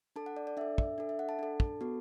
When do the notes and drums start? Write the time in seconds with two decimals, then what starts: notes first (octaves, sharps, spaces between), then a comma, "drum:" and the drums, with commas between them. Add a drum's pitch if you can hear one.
0.16 D4 A4 A5
0.26 F#5
0.37 D5
0.47 D5
0.57 D4 A4 E5
0.78 E5, drum: kick
0.98 D4 A4
1.09 E5
1.19 F#5
1.29 A5
1.39 D4 A4
1.60 drum: kick
1.81 B3 F#4 A4